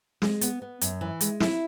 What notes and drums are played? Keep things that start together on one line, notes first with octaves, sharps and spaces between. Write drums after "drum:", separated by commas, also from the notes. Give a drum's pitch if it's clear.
G#3, drum: snare
B3, drum: hi-hat
B3
F#2, drum: hi-hat
E3
G#3, drum: hi-hat
E4, drum: snare